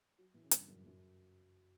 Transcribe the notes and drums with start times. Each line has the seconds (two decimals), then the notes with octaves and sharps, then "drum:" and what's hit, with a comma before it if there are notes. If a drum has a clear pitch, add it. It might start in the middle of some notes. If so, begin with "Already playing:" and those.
0.18 F#3
0.34 E3
0.43 C#3
0.51 G2, drum: hi-hat
0.68 F#2
0.86 F#2